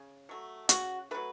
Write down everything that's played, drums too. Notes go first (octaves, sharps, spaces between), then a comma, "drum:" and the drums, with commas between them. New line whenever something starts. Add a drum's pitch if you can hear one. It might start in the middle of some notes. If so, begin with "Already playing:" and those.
Already playing: C#3
F#3 A3
C#3 F#4, drum: hi-hat
F#3 A3 B4